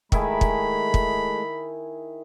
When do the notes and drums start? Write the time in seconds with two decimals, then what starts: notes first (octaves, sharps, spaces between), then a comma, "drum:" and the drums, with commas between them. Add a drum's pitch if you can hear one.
0.12 D#3 G#3 A3 E4 G#4 B5, drum: kick
0.41 drum: kick
0.94 drum: kick